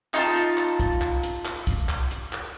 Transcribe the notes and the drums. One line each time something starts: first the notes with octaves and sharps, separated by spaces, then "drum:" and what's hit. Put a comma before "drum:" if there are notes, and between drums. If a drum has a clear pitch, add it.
D#4 F4 A5, drum: clap
drum: hi-hat
drum: clap
drum: kick, hi-hat
drum: clap
drum: hi-hat
drum: clap
drum: kick, hi-hat
drum: clap
drum: hi-hat
drum: clap